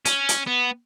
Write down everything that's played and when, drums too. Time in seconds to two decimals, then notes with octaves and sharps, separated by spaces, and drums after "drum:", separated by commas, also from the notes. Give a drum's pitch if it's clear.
0.05 C#4, drum: hi-hat
0.29 drum: hi-hat
0.47 B3